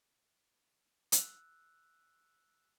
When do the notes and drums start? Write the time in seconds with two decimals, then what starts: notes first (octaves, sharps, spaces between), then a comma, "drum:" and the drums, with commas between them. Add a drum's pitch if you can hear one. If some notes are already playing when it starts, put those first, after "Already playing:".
1.12 E6 F#6, drum: hi-hat